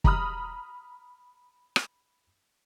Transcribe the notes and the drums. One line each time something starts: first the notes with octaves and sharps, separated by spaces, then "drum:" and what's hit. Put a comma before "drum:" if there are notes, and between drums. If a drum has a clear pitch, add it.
A#5 B5 D#6 F6, drum: kick
drum: rim click